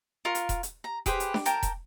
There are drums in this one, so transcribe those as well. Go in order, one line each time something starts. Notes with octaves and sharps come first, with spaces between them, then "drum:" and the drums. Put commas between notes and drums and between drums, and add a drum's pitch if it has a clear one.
F4 A#4 F5 C#6
drum: hi-hat
drum: kick E1, hi-hat
drum: hi-hat
A#5
G4 G#4 B4 C5, drum: kick E1, hi-hat
drum: hi-hat
drum: snare D4
A#4 G5 A5 A#5, drum: hi-hat
drum: kick E1, hi-hat